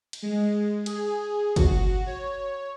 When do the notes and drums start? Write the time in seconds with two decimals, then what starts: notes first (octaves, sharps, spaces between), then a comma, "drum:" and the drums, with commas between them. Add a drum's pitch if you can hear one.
0.13 drum: cymbal
0.22 G#3
0.86 G#4, drum: cymbal
1.56 F#4, drum: kick, cymbal
2.06 C#5